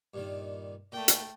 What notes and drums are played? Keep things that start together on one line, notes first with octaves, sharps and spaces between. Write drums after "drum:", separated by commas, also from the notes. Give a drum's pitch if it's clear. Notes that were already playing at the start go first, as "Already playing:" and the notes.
G2 A#2 D#3
A#2 A3 G5
drum: hi-hat